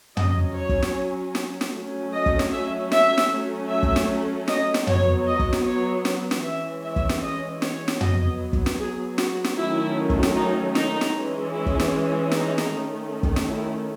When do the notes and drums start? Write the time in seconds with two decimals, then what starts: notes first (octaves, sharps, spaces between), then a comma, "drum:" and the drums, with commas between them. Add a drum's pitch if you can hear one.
0.17 F#3 C#4 D#5, drum: tom
0.56 C#5
0.69 drum: kick
0.82 drum: snare
1.35 drum: snare
1.61 drum: snare
1.74 F#3 A3 C#4
2.13 D#5
2.26 drum: kick
2.39 drum: snare
2.52 E5
2.92 E5, drum: snare
3.18 drum: snare
3.31 F#3 A3 C#4
3.70 E5
3.83 drum: kick
3.96 drum: snare
4.48 D#5, drum: snare
4.74 drum: snare
4.87 F#3 B3 C#5, drum: tom
5.27 D#5
5.40 drum: kick
5.53 drum: snare
5.65 C#5
6.05 drum: snare
6.31 drum: snare
6.44 E3 G#3 C#4 E5
6.84 E5
6.96 drum: kick
7.09 drum: snare
7.22 D#5
7.62 C#5, drum: snare
7.88 drum: snare
8.01 F#3 B3 D#5, drum: tom
8.53 drum: kick
8.66 drum: snare
8.79 G#4
9.18 F#4, drum: snare
9.44 drum: snare
9.57 D#3 F#3 A3 C#4 E4
10.10 drum: kick
10.23 drum: snare
10.35 D#4
10.75 D#4, drum: snare
11.01 drum: snare
11.14 E3 G#3 C#4
11.53 E4
11.66 drum: kick
11.80 drum: snare
12.31 D#4, drum: snare
12.58 drum: snare
12.71 D#3 A3 C#4
13.23 drum: kick
13.36 drum: snare
13.49 E4